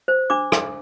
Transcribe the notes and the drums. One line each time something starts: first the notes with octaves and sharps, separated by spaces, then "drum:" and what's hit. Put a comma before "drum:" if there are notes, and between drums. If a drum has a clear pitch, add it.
C5
D4 D6
D4, drum: rim click